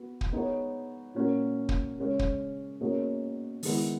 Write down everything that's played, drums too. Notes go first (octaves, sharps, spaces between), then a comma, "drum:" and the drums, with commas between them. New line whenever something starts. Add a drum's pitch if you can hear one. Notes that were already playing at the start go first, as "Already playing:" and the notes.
Already playing: B3 F#4
drum: kick
B3 D#4 G#4 C#5
A#2 A#3 C#4 F#4 A#4
drum: kick
C#3 G#3 C#4 G#4 C#5
drum: kick
B2 A#3 C#4 G#4 C#5
D#3 G#3 B3 E4, drum: open hi-hat